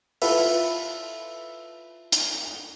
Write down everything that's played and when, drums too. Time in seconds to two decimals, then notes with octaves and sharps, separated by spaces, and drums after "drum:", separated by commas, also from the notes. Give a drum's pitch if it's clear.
0.22 E4 F4 A4 B4 E5, drum: open hi-hat
2.12 drum: hi-hat